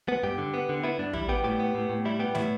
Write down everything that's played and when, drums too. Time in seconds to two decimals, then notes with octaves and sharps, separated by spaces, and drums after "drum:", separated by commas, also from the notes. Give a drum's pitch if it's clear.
0.08 B3
0.23 G2 G4
0.38 D3
0.54 B3
0.69 D3
0.83 B3 E4
0.98 G2 D4
1.13 G3 E4, drum: tom
1.29 B3 G4
1.44 A2 G4
1.59 B3
1.74 A2
1.89 A2
2.05 G3 E4
2.19 B3 G4
2.35 A2 E4, drum: snare